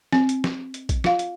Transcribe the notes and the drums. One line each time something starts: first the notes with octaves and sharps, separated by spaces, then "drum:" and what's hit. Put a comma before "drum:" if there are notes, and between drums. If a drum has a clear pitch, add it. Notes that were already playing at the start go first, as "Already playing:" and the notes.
C4, drum: snare
drum: hi-hat
drum: snare
drum: hi-hat
drum: kick A#1, hi-hat
F4 F5, drum: snare
drum: hi-hat